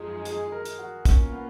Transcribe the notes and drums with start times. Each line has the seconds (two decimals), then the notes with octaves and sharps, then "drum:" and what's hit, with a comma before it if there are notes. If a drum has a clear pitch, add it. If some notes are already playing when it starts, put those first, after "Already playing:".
Already playing: F#2 F3 G#3 D#4 G#4
0.25 G#4, drum: hi-hat
0.52 A#4
0.65 drum: hi-hat
0.79 F#4
1.05 B2 A#3 C#4 F4 A#4, drum: kick, hi-hat
1.32 B3